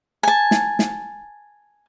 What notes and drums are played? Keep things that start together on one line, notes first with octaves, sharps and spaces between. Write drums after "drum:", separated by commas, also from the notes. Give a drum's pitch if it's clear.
G#5 A5
drum: snare
drum: snare